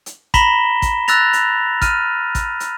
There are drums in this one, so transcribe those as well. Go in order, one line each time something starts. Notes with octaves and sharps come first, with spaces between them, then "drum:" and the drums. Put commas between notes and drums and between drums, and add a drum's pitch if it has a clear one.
drum: hi-hat
A#5 B5 A#6 B6 E7 G7, drum: kick A1, hi-hat
drum: kick A1, hi-hat
E6 F#6 A6 A#6 F7, drum: hi-hat
drum: hi-hat
F6 D#7, drum: kick A1, hi-hat
drum: kick A1, hi-hat
drum: hi-hat